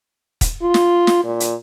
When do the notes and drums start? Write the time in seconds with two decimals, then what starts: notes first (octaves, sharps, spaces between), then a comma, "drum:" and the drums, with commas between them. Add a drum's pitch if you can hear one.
0.41 drum: kick, hi-hat
0.62 F4
0.74 drum: snare
1.07 drum: snare
1.24 A#2
1.40 drum: hi-hat